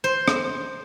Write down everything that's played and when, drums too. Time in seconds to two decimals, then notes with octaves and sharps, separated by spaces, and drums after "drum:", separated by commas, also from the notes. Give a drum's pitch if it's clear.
0.04 C5
0.28 drum: rim click